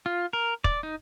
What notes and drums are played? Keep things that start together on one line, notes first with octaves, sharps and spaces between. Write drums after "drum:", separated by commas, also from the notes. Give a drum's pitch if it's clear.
F4
A#4
D5, drum: kick
D#4